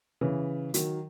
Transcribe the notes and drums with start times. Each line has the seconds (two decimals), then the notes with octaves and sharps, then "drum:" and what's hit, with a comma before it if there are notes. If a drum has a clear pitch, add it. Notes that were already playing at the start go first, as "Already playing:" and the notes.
0.21 C#3 E3
0.74 D#3 F#3, drum: hi-hat